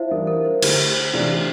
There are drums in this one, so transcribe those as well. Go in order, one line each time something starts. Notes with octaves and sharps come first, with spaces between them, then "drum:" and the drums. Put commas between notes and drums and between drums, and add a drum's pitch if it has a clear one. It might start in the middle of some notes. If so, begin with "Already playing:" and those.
Already playing: E4 F4 C5 E5 F5
E3 G3 D4 A#4
A#4
C5
D3 A3 E4 G4 C5, drum: cymbal
C3 E3 A3 D4 F4